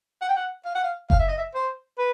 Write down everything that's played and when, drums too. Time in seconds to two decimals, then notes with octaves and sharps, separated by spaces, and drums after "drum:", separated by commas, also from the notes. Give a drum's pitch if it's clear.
0.21 F#5
0.29 G5
0.36 F#5
0.65 F5
0.75 F#5
0.83 F5
1.10 F5, drum: kick F#1
1.19 E5
1.28 D#5
1.37 E5
1.55 C5
1.98 B4